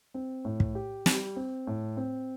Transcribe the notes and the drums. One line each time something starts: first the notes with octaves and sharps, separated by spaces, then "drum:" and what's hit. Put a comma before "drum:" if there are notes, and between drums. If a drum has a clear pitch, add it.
C4
A2
drum: kick
G4
G3, drum: snare
C4
A2
C4